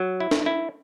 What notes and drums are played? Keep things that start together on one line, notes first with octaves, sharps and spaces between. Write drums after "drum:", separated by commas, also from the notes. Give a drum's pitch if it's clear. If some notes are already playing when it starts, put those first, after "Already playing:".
Already playing: F#3
E4
drum: snare
E4